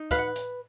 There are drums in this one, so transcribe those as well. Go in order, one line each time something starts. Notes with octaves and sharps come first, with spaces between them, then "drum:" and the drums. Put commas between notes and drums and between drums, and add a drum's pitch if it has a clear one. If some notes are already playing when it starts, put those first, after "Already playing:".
Already playing: D#4
B4 F5, drum: kick, hi-hat
F#5
drum: hi-hat